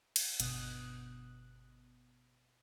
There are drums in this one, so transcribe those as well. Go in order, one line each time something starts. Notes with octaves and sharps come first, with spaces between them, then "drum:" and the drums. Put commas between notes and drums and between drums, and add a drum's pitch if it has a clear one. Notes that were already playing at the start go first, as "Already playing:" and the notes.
drum: cymbal
G1 B2 D#6 F#6, drum: hi-hat